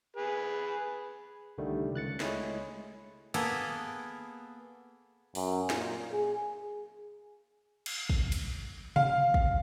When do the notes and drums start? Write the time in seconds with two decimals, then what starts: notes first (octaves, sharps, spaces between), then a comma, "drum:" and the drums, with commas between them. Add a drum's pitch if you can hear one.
0.16 G#4 B4
1.58 C2 D3 D#3 G3 A3
1.94 C#2 F#6 A6 C#7
2.20 G#3 A3 E4 G#4 C#5, drum: snare
3.34 A#3 B3 G#4 A4 B4, drum: cymbal
5.35 F#2, drum: open hi-hat
5.70 A#2, drum: snare
6.12 G#4
7.86 drum: cymbal
8.10 drum: kick
8.32 drum: cymbal
8.96 F5, drum: tom C3
9.34 drum: kick